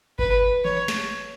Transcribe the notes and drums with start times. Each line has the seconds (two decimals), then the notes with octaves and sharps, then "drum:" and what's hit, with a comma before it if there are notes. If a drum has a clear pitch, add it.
0.19 B4, drum: kick G1
0.65 C#5, drum: tom D#3
0.88 drum: snare